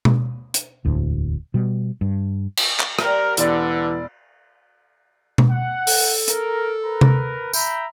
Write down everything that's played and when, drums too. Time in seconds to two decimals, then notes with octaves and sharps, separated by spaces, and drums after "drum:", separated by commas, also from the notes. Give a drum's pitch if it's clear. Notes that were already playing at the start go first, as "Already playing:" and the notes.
0.05 drum: tom B2
0.54 drum: hi-hat
0.85 E1 D2 A2
1.54 B2 G3
2.01 G2
2.57 drum: cymbal
2.80 drum: clap
2.99 G3 C4 G4 A#4, drum: rim click
3.37 E1 D3 E3 D5, drum: hi-hat
5.38 drum: tom B2
5.50 F#5
5.87 A4, drum: open hi-hat
6.28 A#4, drum: hi-hat
6.84 A#4 B4
7.01 drum: tom C3
7.53 E5 G5 A#5 B5, drum: tambourine